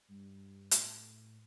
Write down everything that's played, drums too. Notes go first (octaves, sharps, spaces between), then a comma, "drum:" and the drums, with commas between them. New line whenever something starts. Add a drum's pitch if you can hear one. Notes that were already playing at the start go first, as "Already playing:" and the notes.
G2
A2, drum: hi-hat